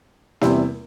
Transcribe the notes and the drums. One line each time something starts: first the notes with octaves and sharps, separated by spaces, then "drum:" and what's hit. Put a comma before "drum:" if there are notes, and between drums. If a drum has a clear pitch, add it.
E2 C3 G3 C4 E4, drum: snare A#3